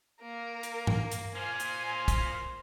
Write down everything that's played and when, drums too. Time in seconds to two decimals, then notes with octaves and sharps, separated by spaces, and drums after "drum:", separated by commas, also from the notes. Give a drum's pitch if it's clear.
0.22 A#3 A#4
0.63 drum: hi-hat
0.87 drum: tom G2
1.11 drum: hi-hat
1.36 A#3 F4 C5 G#5
1.60 drum: hi-hat
2.08 drum: kick, hi-hat